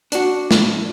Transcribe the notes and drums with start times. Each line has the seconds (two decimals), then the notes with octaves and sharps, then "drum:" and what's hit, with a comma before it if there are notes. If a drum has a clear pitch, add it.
0.12 D4 F#4, drum: hi-hat
0.51 drum: snare